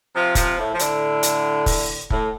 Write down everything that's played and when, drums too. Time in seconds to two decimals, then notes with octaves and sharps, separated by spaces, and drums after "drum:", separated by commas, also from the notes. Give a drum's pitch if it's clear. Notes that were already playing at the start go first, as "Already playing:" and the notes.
0.13 C3 F3
0.35 C3 F3, drum: kick, hi-hat
0.57 A2
0.73 F3
0.79 A2 D3, drum: hi-hat
1.23 drum: hi-hat
1.66 drum: kick, open hi-hat
2.10 A2, drum: kick